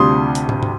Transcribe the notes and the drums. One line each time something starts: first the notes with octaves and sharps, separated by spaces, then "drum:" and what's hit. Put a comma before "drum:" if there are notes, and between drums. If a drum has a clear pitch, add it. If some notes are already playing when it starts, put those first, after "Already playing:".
Already playing: D2 C3 G3 D4 F4 C6 D#6
drum: hi-hat
drum: tom
drum: tom